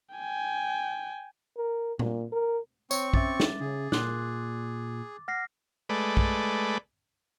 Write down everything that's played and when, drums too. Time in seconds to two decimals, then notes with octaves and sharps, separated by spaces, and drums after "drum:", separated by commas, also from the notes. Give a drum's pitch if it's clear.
0.15 G5 G#5
1.57 A#4
1.99 A#2, drum: tom A#2
2.32 A#4
2.91 C4 C#5 C#6, drum: tambourine
3.14 C#4 E5 D6 A6, drum: kick
3.40 drum: snare
3.60 C#3 G#4
3.92 A#2 C6 D6 F#6, drum: snare
5.28 F#5 F6 A#6 C7
5.89 G#3 A3 B4 D5
6.17 drum: kick